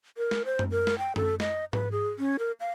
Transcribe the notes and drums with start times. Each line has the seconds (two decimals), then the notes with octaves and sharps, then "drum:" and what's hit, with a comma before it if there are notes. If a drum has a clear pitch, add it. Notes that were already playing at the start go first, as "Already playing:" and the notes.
0.17 A#4
0.31 drum: snare
0.45 C5
0.59 drum: tom F#2
0.71 A#4
0.87 drum: snare
0.98 G5
1.16 A4, drum: tom F#2
1.40 D#5, drum: snare
1.73 B4, drum: tom G#2
1.92 G#4
2.19 C#4
2.39 A#4
2.60 F5